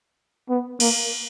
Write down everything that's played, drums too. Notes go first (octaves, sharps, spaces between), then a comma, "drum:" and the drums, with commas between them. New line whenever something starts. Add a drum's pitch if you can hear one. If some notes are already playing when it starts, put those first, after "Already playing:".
B3
A#3, drum: cymbal